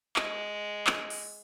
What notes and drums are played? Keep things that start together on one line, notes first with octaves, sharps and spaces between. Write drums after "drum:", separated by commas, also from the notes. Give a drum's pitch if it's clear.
G#3, drum: clap
drum: clap
drum: open hi-hat